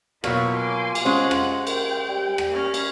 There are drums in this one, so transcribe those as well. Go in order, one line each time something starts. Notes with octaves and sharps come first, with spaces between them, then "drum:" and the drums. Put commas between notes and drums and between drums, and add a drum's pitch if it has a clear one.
B2 F#3 A#3 E4 F4 C#5 F#5, drum: rim click
G#5 C6 D6
drum: cymbal
G#3 C#4 C5 F#5
drum: rim click
A#3 G5, drum: cymbal
G3
drum: rim click
A#3 C#4 F6
drum: cymbal